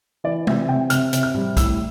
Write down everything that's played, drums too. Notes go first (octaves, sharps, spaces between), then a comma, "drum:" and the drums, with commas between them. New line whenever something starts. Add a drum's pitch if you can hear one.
E3 D5
C3 E5, drum: tom G#3
C3 G5
C3 F6, drum: hi-hat
C3, drum: hi-hat
F6
G3, drum: tom A2
A2 E6, drum: kick, hi-hat